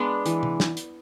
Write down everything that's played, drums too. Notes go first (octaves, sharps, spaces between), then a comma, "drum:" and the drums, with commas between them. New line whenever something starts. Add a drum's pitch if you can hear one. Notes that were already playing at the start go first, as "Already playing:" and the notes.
Already playing: G#3 B3 D4 D5
E3, drum: hi-hat
drum: tom C3
drum: snare
drum: hi-hat